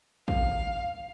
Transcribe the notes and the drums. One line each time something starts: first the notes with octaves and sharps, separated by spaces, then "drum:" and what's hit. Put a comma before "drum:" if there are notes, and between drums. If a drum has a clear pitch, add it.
F5, drum: kick